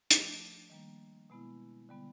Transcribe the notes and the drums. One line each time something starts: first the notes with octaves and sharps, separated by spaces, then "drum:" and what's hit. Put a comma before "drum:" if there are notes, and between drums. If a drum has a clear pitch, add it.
F3 A3 D4, drum: hi-hat
D#3 G3 A#3
B2 G#3 B3 E4
D3 G3 B3